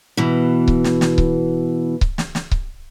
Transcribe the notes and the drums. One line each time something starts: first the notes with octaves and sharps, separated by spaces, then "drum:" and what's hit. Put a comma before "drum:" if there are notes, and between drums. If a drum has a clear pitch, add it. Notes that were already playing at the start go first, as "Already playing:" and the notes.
B2 E3
drum: kick C#1
drum: snare
drum: snare
drum: kick C#1
drum: kick C#1
drum: snare
drum: snare
drum: kick C#1